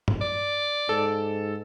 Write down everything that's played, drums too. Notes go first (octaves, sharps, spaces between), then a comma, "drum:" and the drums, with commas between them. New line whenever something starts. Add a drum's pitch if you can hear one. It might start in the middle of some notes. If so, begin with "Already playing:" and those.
drum: tom G2
D5
G#2 A4